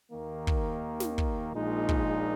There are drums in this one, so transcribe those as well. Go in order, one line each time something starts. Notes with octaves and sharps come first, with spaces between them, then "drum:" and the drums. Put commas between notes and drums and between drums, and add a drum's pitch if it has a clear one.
D#2 D#3 A#3
drum: kick
drum: snare
drum: kick
A#1 A#2 G#3 D#4
drum: kick